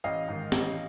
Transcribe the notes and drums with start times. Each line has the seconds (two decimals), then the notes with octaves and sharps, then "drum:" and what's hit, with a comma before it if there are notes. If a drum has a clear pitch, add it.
0.04 A1 D#5 F5
0.28 G#2 D#3
0.52 A1, drum: snare